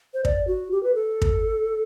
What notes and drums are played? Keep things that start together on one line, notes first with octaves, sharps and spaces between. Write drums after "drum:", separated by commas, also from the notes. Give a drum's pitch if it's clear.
C5
D5, drum: kick
F#4
G4
B4
A4
drum: kick